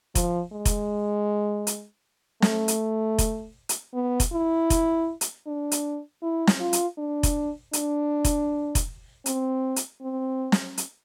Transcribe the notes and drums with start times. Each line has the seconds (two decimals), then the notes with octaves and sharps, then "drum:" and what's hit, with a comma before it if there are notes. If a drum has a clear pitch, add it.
0.15 F3, drum: kick F1, hi-hat
0.53 G#3
0.65 drum: kick F1, hi-hat
1.67 drum: hi-hat
2.42 A3, drum: snare
2.68 drum: hi-hat
3.18 drum: kick F1, hi-hat
3.69 drum: hi-hat
3.94 B3
4.20 drum: kick F1, hi-hat
4.32 E4
4.70 drum: kick F1, hi-hat
5.21 drum: hi-hat
5.47 D4
5.71 drum: hi-hat
6.23 E4
6.47 drum: snare
6.60 F4
6.73 drum: hi-hat
6.98 D4
7.23 drum: kick F1, hi-hat
7.73 D4, drum: hi-hat
8.25 drum: kick F1, hi-hat
8.75 drum: kick F1, hi-hat
9.26 C4, drum: hi-hat
9.76 drum: hi-hat
10.02 C4
10.52 drum: snare
10.78 drum: hi-hat